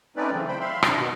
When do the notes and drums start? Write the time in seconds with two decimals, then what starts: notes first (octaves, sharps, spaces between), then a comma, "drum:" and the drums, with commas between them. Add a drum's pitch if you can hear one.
0.16 A3 C4 C#4 D#4 B4 D5
0.32 C#3 E3 F#3 A3 C4
0.48 C5 G5 B5
0.60 E5 F5 B5 C6
0.82 C3 D4, drum: rim click
0.97 B2 D#3 F#4